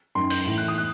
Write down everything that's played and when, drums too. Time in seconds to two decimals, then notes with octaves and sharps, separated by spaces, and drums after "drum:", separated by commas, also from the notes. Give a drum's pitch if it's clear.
0.15 F#2 D#3 C6
0.30 G6, drum: cymbal
0.46 A2 E3
0.58 F#6
0.68 D#6
0.78 F#6